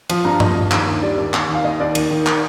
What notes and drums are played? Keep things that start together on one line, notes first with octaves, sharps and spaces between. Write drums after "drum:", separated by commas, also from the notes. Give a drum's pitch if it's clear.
F3, drum: cymbal
G2 A#5
F3 D#5, drum: tom G2
G2
D#2, drum: clap
D#2
G3 D5
D#2
D#2, drum: clap
D#3
F5
D#2 D#5
D#2 D5
D#3, drum: cymbal
D#3
drum: clap